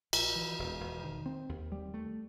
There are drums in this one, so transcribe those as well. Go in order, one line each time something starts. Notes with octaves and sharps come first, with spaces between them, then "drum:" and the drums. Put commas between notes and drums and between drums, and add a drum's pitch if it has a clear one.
A#1, drum: cymbal
E3
E1
E1
D#3
C4
D#2
G3
A3